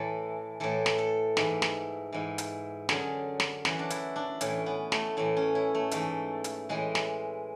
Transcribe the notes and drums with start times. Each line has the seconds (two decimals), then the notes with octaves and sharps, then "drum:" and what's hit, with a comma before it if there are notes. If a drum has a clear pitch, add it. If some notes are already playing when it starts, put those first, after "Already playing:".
Already playing: A2 E3 A4
0.60 A2 E3 A4
0.86 drum: snare
0.98 A4
1.37 G#2 E3, drum: snare
1.62 drum: snare
2.13 G#2 E3
2.38 drum: hi-hat
2.89 F#2 D3 G#4, drum: snare
3.40 drum: snare
3.65 F#2 E3 F#4, drum: snare
3.79 D4
3.90 E4, drum: hi-hat
4.16 D4
4.41 A2 E3 C#4, drum: hi-hat
4.66 B3
4.92 A3, drum: snare
5.17 A2 E3 A3
5.37 C#4
5.55 E4
5.75 A3
5.91 G#2 E3 A3, drum: hi-hat
6.44 drum: hi-hat
6.69 A2 E3 G#3
6.95 drum: snare